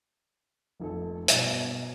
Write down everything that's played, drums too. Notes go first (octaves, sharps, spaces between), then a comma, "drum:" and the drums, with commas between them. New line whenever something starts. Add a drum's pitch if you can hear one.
F1 A#1 A4
G2 B2 F#3, drum: hi-hat